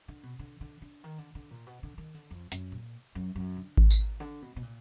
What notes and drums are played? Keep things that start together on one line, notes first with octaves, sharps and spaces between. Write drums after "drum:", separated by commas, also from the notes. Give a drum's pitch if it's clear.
D3
B2
D3
D3
D3
D#3
D3
D3
A#2
B2
D3
D#3
D3
F2
F#2, drum: hi-hat
A#2
F#2
F#2
D3
B2, drum: kick G#1
drum: tambourine
A#2
D3
B2
B2
A#2